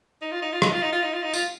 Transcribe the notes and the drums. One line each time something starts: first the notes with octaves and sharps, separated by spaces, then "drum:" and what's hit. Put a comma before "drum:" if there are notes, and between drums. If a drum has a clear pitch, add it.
D#4
F4
D#4
F4
D#4, drum: rim click
F4
D#4
F4
D#4
F4
D#4
F4, drum: tambourine